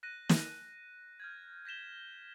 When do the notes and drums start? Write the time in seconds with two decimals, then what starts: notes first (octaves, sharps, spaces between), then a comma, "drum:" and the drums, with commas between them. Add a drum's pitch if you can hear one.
0.03 F#6 A#6 D#7
0.29 drum: snare
1.20 F6 G6 G#6
1.65 G6 A#6 B6 E7 G7